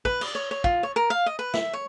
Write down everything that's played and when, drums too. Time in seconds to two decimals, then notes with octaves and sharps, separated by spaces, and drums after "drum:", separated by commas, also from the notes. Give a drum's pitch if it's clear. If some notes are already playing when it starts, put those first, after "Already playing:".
0.05 B4, drum: kick
0.21 D5, drum: cymbal
0.35 C#5
0.51 C#5
0.64 F4, drum: kick
0.83 C#5
0.96 A#4
1.10 F5
1.26 D#5
1.39 B4
1.54 E5, drum: snare
1.73 C#5